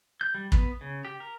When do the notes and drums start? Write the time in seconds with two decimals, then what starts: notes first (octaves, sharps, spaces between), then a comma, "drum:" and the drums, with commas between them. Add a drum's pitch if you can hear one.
0.21 G6
0.34 G3
0.52 B3, drum: kick
0.81 C#3
1.05 G4
1.20 A#4